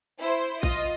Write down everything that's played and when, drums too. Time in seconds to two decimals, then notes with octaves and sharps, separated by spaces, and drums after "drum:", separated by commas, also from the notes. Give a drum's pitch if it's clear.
0.19 E4 C5
0.63 F4 D#5, drum: kick A#1